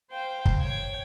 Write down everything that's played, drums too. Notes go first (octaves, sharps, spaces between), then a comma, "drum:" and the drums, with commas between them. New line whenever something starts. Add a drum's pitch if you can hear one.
C5 F5 G5
drum: kick
C#5 G5 G#6